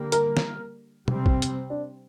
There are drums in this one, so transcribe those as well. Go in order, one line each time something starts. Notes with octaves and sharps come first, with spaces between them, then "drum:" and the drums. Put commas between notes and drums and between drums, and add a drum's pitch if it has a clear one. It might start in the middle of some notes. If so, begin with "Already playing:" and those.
Already playing: D3 G3 A#3
A#4, drum: hi-hat
drum: snare
C3 G3 C4, drum: tom
drum: kick
drum: hi-hat
D4